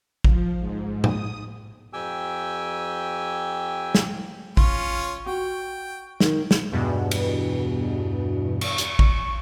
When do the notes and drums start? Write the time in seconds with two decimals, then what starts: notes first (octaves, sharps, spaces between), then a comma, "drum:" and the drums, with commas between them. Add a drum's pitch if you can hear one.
0.24 F3, drum: kick
0.59 G#2
1.04 D#6, drum: tom A2
1.93 F2 G4 G5 G#5 E6
3.95 drum: snare
4.57 C#4 F4 C#5, drum: kick
5.26 F#4 G5
6.20 D#3, drum: snare
6.51 drum: snare
6.72 E2 G2 B2
7.11 drum: cymbal
8.61 C#6, drum: cymbal
8.78 drum: hi-hat
8.99 drum: kick